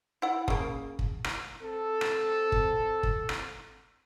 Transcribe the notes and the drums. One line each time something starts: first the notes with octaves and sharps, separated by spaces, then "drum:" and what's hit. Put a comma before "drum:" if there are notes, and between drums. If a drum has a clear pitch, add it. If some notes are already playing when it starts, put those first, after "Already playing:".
E4 F#5
C#3 A#3, drum: kick
drum: kick
drum: rim click
C4 A4
drum: rim click
drum: kick
drum: kick
drum: rim click